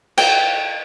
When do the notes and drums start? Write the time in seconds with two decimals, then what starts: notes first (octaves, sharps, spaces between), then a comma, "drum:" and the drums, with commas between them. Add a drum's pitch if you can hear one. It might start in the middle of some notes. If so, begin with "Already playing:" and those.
0.17 G5, drum: cymbal